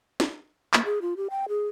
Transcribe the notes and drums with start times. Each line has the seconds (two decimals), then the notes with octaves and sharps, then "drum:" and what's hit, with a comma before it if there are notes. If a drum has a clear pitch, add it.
0.20 drum: snare
0.74 A#3, drum: clap
0.85 G#4
1.02 F4
1.17 G4
1.30 G5
1.49 G#4